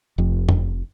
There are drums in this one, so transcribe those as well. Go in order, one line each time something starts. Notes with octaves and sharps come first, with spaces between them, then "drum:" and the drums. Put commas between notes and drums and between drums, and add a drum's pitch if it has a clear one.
F1 F2
drum: tom